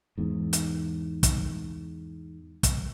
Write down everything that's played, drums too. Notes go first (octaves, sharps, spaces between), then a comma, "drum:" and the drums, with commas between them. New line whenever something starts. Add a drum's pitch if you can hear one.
E2 G#2
drum: hi-hat
drum: kick, hi-hat
drum: kick, hi-hat